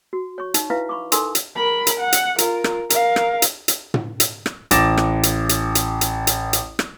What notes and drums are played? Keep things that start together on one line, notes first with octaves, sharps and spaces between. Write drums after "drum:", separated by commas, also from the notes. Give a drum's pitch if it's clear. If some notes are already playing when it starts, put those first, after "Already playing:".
F#4
C#5 C#6
D#4, drum: hi-hat
E4 B4 E5 F5
B5 C#6 D6
D#4 A4 A#4 G#5 C6, drum: hi-hat
drum: hi-hat
A#4 B5
drum: hi-hat
F#5
drum: hi-hat
F4 A#4, drum: hi-hat
drum: rim click
A#4 F5, drum: hi-hat
drum: rim click
drum: hi-hat
drum: hi-hat
drum: tom
drum: hi-hat
drum: rim click
A1 D6 A6 A#6 E7, drum: hi-hat
drum: rim click
drum: hi-hat
drum: hi-hat
drum: hi-hat
drum: hi-hat
drum: hi-hat
drum: hi-hat
drum: rim click